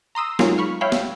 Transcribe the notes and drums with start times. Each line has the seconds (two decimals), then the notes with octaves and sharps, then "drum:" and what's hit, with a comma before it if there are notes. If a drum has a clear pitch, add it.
0.15 A#5 C6 D#6 E6
0.39 F#3 G#3 D#4 F4 A#4, drum: snare
0.58 B5 C#6 F6
0.81 C#5 E5 F5 G5 B5
0.92 drum: snare